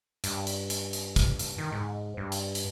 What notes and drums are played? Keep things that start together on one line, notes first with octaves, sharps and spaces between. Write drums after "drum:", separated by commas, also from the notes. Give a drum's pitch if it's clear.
G2, drum: hi-hat
drum: hi-hat
drum: hi-hat
drum: hi-hat
drum: kick, hi-hat
drum: hi-hat
D#3
G#2
G2
drum: hi-hat
drum: hi-hat